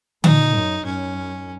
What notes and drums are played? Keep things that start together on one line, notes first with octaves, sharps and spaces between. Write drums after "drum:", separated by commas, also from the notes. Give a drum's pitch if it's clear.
A#2 D#4, drum: tom D3
F#2
F#2 C#4